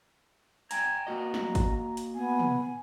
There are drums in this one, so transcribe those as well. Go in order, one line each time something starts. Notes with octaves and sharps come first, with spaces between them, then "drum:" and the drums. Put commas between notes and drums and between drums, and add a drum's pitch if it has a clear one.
G5 G#5 A#5 G#6, drum: hi-hat
A#3 F#4 D#5 A#5
drum: snare
drum: kick G#1, hi-hat
drum: hi-hat
B3 G#5
drum: tom